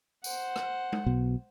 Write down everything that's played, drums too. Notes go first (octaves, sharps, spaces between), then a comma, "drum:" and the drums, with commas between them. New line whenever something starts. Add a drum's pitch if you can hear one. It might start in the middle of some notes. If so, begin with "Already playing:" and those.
C5 F#5, drum: tambourine
drum: rim click
drum: tom G#3
B1 B2